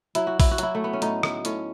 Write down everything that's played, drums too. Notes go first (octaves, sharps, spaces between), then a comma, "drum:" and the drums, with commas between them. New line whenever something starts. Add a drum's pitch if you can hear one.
F#3 E4, drum: hi-hat
F#4
E4, drum: kick A#1, open hi-hat
F#4
F#3 E4, drum: hi-hat
A3
B3
C#4
A2 D#4, drum: hi-hat
drum: rim click
A2 C#4, drum: hi-hat